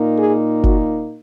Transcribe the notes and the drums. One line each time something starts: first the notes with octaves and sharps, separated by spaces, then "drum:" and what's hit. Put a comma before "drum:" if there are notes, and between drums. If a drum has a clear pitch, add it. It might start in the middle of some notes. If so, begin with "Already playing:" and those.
Already playing: A#2 A#3 D#4
G#4
F#4, drum: kick